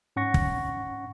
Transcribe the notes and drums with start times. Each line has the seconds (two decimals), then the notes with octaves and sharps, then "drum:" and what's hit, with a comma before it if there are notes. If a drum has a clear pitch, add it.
0.16 G#2 C#4 F#5 C#6 A#6
0.34 drum: kick